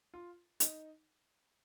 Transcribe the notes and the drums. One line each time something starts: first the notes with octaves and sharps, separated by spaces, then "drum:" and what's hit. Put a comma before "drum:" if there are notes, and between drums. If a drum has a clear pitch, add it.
F4
D#4, drum: hi-hat